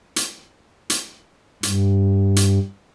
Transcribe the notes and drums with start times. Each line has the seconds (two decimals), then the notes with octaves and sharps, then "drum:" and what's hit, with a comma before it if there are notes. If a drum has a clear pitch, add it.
0.16 drum: hi-hat
0.90 drum: hi-hat
1.63 G2, drum: hi-hat
2.36 drum: hi-hat